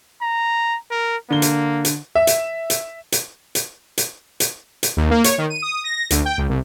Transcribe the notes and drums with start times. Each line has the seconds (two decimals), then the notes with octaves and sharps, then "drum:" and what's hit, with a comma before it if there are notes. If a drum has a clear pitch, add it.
0.22 A#5
0.91 A#4
1.31 D3 A#3 G7
1.42 drum: hi-hat
1.85 drum: hi-hat
2.15 E5
2.27 drum: hi-hat
2.70 drum: hi-hat
3.12 drum: hi-hat
3.55 drum: hi-hat
3.98 drum: hi-hat
4.40 drum: hi-hat
4.83 drum: hi-hat
4.97 D#2
5.10 A#3
5.24 C#5, drum: hi-hat
5.38 D#3
5.50 D#7
5.62 D#6
5.84 A#6
5.96 A#6
6.11 D2, drum: hi-hat
6.25 G5
6.38 C#2
6.49 C2